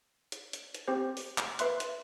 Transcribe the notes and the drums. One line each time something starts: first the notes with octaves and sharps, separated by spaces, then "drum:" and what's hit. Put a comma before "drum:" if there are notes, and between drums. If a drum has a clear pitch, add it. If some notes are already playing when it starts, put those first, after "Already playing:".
drum: hi-hat
drum: hi-hat
drum: hi-hat
C4 G4 C5
drum: open hi-hat
drum: clap
B4 E5 C6 F#6, drum: hi-hat
drum: hi-hat